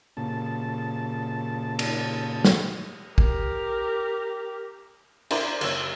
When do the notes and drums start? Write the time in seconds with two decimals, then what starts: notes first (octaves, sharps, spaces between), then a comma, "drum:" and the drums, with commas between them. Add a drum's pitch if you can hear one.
0.17 A#2 C#3 A5
1.79 drum: cymbal
2.45 drum: snare
3.18 G4 A#4, drum: kick
5.31 D4 E4 A#4 C5 D5, drum: cymbal
5.61 F#1 C#5 E6, drum: cymbal